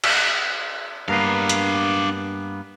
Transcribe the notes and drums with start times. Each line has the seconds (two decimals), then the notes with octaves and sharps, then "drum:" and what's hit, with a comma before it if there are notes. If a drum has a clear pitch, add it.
0.04 drum: cymbal
1.08 G2 A#3 B3 D4 F5
1.49 drum: hi-hat